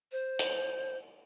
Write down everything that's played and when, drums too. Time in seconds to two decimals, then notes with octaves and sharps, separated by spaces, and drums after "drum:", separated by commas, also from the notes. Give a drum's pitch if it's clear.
0.12 C5
0.39 drum: hi-hat